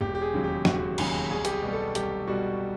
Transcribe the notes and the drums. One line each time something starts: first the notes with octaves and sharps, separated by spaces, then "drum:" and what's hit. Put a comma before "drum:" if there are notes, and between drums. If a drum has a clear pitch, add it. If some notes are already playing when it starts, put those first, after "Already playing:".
E1 G4
G4
G#4
D#2 C#3 F#3
G4
E1 F#4, drum: snare
D#2 C#3 F#3, drum: cymbal
C2 G#4
G4, drum: hi-hat
G#4
B2 G3
A4
C2 G4, drum: hi-hat
B2 G3 F#4